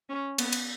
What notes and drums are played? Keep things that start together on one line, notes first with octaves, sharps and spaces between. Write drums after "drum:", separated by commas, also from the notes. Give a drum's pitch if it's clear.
C#4
B3, drum: cymbal
drum: cymbal